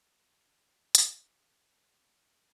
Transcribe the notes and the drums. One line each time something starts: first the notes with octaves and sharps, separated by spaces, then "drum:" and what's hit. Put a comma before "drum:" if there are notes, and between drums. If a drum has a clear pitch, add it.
G#5 A#5 C#6 D6 F#6 G6, drum: hi-hat